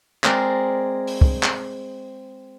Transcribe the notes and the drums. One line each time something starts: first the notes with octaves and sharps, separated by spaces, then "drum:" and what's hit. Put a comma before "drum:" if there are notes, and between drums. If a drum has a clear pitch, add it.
G#3 C4 A#4 D5, drum: clap
drum: open hi-hat
drum: kick
drum: clap